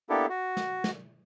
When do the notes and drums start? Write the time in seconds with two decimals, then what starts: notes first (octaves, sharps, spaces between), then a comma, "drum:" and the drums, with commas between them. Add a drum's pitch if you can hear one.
0.09 A#3 B3 D4 E4 G4 A4
0.29 F#4
0.57 drum: snare
0.84 drum: snare